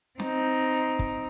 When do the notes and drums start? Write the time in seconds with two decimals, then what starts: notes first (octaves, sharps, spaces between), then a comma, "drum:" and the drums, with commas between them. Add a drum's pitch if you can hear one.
0.20 C4 D#4, drum: snare
0.99 drum: kick